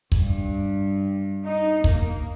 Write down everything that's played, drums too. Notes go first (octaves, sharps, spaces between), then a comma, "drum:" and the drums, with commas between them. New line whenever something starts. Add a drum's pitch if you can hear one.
G2, drum: kick
D#4
A#3, drum: kick